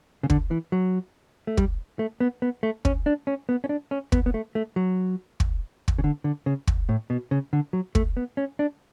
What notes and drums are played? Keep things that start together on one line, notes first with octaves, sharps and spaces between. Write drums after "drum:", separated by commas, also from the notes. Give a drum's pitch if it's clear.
C#3
D3, drum: kick
E3
F#3
A3
G3, drum: kick
A3
B3
B3
A3
C#4, drum: kick
D4
C#4
B3
C#4
D4
C#4
B3, drum: kick
B3
A3
A3
F#3
drum: kick
drum: kick
C#3
D3
D3
C#3
drum: kick
A2
B2
C#3
D3
F#3
A3, drum: kick
B3
C#4
D4